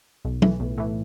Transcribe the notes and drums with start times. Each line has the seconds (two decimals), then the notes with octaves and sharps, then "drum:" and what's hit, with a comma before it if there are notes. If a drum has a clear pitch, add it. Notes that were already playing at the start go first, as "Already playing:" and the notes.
0.25 B1
0.42 A2 E3, drum: tom
0.60 B1
0.78 A2 E3